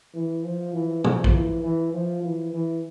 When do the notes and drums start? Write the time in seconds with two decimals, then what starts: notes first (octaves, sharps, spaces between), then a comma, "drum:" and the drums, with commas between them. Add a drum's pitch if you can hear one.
0.14 E3
0.44 F3
0.74 E3
1.04 F3, drum: tom
1.24 drum: kick
1.34 E3
1.63 E3
1.93 F3
2.23 E3
2.53 E3